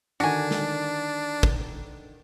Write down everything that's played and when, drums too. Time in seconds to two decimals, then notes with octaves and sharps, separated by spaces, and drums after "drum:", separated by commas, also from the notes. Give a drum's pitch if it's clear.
0.20 D3 D#3 D4 F#4 A4 G#5
0.51 drum: snare
1.43 drum: kick